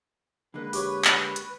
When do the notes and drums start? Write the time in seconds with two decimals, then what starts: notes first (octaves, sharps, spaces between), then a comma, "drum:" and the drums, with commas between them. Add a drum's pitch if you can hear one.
0.54 D3 G#3 A#3 B4
0.73 G4 C#5, drum: open hi-hat
1.05 drum: clap
1.36 drum: hi-hat